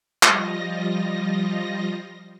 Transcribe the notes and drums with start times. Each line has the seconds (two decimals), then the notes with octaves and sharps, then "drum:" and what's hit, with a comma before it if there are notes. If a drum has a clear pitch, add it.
0.23 F3 G3 F4 D#5 A#6, drum: clap